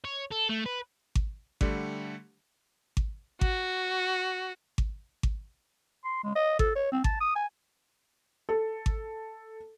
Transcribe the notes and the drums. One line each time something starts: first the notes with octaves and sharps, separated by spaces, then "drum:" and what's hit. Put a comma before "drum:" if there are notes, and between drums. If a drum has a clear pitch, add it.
C#5
A4
A3
B4
drum: kick G#1
D3 G3 A3, drum: kick G#1
drum: kick G#1
F#4, drum: kick G#1
drum: kick G#1
drum: kick G#1
C6
G#3
D#5
A4, drum: kick G#1
C#5
C4
A5, drum: kick G#1
D#6
G#5
A4
drum: kick G#1